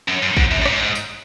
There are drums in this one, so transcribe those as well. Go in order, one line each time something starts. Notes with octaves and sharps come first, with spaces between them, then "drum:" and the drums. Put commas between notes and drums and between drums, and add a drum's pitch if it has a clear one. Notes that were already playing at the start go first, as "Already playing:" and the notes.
F#2
F#2
G#2, drum: kick A1
F#2
F#2
G#2, drum: rim click
drum: tambourine